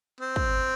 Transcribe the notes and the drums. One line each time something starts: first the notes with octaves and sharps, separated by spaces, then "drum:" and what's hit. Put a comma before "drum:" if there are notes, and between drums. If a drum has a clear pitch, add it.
C4
drum: kick